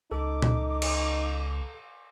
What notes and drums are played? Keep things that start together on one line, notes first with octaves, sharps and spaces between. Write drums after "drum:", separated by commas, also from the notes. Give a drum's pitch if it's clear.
C#2 D#4 A4 D6
drum: tom A#2
drum: cymbal